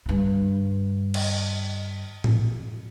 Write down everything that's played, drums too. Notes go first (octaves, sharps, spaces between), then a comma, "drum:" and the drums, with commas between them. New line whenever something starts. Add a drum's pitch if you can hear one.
G2 D3
drum: cymbal
drum: tom A2